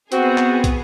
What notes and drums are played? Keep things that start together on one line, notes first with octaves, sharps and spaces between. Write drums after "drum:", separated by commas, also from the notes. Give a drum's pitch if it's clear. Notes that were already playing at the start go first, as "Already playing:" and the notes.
B3 C4 F#4 G#4, drum: hi-hat
drum: clap
drum: kick, hi-hat